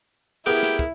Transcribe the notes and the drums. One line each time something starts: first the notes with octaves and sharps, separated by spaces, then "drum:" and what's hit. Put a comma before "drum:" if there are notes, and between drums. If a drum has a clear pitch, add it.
B3 E4 G4 G#4 A#4
drum: snare
drum: kick